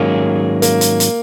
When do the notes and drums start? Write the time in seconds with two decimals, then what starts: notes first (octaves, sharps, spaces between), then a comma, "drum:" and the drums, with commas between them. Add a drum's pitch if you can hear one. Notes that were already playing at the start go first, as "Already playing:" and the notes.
Already playing: G#2 D#3 F#3 A#3 C#4 G#4
0.62 A#3, drum: hi-hat
0.81 drum: hi-hat
1.00 drum: hi-hat